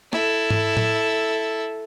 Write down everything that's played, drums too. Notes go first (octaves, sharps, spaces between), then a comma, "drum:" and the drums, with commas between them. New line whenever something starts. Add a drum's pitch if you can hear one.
E4 A4, drum: snare
drum: tom G#2
drum: tom A2